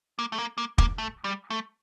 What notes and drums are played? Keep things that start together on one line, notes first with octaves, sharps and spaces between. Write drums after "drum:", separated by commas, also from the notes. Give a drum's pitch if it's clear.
A#3
A3
A#3
A#3
A#3, drum: kick
A3
G3
A3